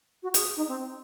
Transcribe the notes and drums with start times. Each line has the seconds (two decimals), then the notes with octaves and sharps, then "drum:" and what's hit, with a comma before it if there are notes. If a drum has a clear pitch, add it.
0.23 F#4
0.34 G#4, drum: hi-hat
0.56 D#4
0.68 C4